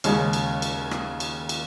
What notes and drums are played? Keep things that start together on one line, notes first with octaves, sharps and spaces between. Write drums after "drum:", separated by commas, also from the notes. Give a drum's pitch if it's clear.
D#2 C#3 G#3 C#4, drum: cymbal
drum: cymbal
drum: cymbal
drum: rim click
drum: cymbal
drum: cymbal